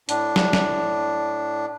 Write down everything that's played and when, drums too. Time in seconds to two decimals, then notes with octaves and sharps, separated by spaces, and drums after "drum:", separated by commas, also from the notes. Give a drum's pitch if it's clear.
0.09 A2 D4, drum: hi-hat
0.36 drum: snare
0.53 drum: snare